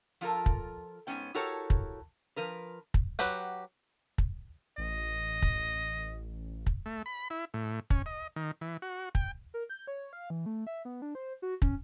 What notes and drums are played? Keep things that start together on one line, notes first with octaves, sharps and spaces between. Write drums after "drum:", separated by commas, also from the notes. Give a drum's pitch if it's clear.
F3 F4 A4 A#4
drum: kick
G#2 F3 B3 C#4 G5
E4 F#4 G4 A4 A#4 C#5
drum: kick
F3 A#4 B4
drum: kick
F#3 G4 B4 F#5
drum: kick
A1 D#5
drum: kick
drum: kick
A3
B5
E4
A2
C#4, drum: kick
D#5
D#3
E3
F#4
G5, drum: kick
A#4
G6
C#5
F5
E3
A3
E5
B3
D4
C5
F#4
C#4, drum: kick